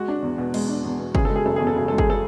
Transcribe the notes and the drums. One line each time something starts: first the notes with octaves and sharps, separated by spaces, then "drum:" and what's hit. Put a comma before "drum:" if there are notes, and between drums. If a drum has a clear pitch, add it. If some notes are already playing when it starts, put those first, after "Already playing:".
Already playing: G#3 F#4
D4
E2
B2
G#3, drum: cymbal
D4
E2
B2
C#3 G#4, drum: kick
G#3 A4
G#4
F#1 A4
E2 G#4
A4
C#3 G#4
G#3 A4
G#4, drum: kick
A4